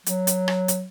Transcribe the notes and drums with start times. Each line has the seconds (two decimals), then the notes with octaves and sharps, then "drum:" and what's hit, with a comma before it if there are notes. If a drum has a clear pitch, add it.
0.06 F#3, drum: hi-hat
0.27 drum: hi-hat
0.48 drum: rim click
0.68 drum: hi-hat